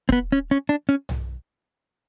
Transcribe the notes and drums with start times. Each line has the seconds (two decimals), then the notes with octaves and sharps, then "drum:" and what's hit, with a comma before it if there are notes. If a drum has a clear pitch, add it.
0.09 C4, drum: kick E1
0.12 B3
0.32 C#4
0.51 C#4
0.69 D4
0.89 C#4
1.09 drum: tom